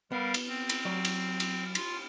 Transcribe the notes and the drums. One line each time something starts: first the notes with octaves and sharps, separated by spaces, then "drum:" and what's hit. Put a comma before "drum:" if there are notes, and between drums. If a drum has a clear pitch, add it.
G3 B3 A#4 F5
drum: cymbal
C4
drum: cymbal
F#3 D5
drum: cymbal
drum: cymbal
F4, drum: cymbal